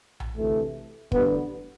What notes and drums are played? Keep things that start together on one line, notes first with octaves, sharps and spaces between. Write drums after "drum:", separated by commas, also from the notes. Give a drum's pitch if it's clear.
drum: tom A#1
D2 C3 E3 A3
A1 G2 D3 B3, drum: kick